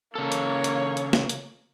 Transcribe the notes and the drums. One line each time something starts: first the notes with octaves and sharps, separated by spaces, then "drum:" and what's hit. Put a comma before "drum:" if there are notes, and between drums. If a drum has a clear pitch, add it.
C#3 A#3 A4 C#5
drum: hi-hat
drum: hi-hat
drum: hi-hat
drum: snare
drum: hi-hat